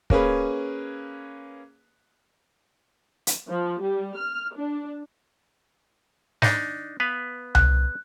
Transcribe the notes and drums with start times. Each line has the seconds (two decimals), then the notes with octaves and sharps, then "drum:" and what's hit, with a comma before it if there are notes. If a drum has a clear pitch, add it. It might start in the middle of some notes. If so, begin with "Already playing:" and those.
0.10 A#3 C#4 G#4 B4, drum: kick
3.27 drum: hi-hat
3.49 F3
3.81 G3
4.18 F6
4.54 D4
6.42 D4 D#4, drum: snare
7.00 B3 B4 F5
7.55 F#6, drum: tom C2